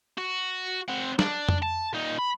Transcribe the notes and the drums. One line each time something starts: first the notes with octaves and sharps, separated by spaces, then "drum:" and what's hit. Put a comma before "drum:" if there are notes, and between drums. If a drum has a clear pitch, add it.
F#4
C4 F#5
D4, drum: snare
drum: tom F2
A5
A#2 D#4
B5